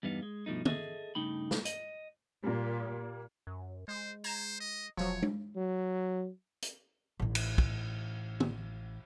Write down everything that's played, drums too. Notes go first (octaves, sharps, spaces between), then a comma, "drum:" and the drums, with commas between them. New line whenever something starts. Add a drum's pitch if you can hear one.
E2 G2 G3 B3 D#4 F5
G#3
G2 B2 F3 A3 D#4
G#4 A4 D#5 E5, drum: tom
G2 C#3 A3 D#4 G5 B5
drum: snare
D#5, drum: hi-hat
A#2 G3 A#3
F#2
G#3 C5
C5 A#5 G#6 E7
D#5
E1 F3 F#3 C#5
drum: tom G#3
F#3
drum: hi-hat
A1 D#4
drum: cymbal
drum: kick
drum: tom